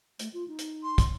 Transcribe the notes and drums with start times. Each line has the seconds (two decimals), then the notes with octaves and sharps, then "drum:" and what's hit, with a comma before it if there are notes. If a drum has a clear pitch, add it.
0.19 A3, drum: hi-hat
0.33 F4
0.48 D#4
0.59 drum: hi-hat
0.83 C6
0.98 drum: kick, hi-hat